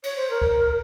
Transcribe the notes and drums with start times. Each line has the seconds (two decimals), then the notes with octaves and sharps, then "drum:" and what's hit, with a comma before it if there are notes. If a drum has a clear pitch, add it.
0.04 C#5, drum: cymbal
0.16 C5
0.30 A#4
0.42 drum: kick C#2